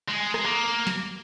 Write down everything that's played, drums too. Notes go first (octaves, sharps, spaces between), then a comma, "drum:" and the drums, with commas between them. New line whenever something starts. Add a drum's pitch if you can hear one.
G#3
drum: rim click
A#3
drum: snare